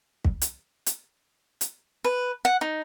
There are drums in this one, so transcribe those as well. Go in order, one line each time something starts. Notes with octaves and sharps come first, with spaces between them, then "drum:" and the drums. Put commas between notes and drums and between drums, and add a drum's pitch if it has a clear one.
drum: kick
drum: hi-hat
drum: hi-hat
drum: hi-hat
B4
F#5
D#4